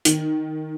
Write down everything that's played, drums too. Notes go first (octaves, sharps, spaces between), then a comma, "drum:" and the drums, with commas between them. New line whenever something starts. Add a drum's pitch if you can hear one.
D#3, drum: hi-hat